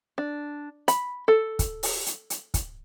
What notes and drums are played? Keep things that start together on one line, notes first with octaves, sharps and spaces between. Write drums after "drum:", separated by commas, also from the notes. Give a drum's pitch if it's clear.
D4
B5, drum: hi-hat
A4
drum: kick, hi-hat
drum: open hi-hat
drum: hi-hat
drum: hi-hat
drum: kick, hi-hat